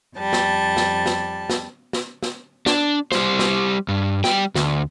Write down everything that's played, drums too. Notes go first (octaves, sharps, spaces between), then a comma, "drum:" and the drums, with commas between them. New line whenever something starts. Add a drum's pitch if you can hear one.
F2 G3 A5
drum: snare
drum: snare
drum: snare
drum: snare
drum: snare
drum: snare
D4, drum: snare
G3 C5, drum: snare
drum: snare
G2
G3 G5, drum: snare
D2, drum: snare